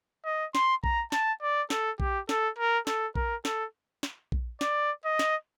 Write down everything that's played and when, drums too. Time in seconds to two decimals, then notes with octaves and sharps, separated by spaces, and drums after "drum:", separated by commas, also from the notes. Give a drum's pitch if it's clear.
0.25 D#5
0.55 C6, drum: snare
0.84 A#5, drum: kick A#1
1.12 A5, drum: snare
1.42 D5
1.70 A4, drum: snare
2.00 G4, drum: kick A#1
2.29 A4, drum: snare
2.58 A#4
2.87 A4, drum: snare
3.16 A#4, drum: kick A#1
3.45 A4, drum: snare
4.03 drum: snare
4.32 drum: kick A#1
4.61 D5, drum: snare
5.05 D#5
5.19 drum: snare